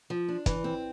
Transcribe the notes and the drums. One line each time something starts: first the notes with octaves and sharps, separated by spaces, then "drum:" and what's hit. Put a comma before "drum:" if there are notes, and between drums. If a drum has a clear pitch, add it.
F3
D4
E3, drum: kick, hi-hat
C4